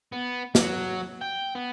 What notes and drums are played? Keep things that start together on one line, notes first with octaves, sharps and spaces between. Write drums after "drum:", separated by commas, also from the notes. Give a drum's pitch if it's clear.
B3
F#3, drum: snare
G5
B3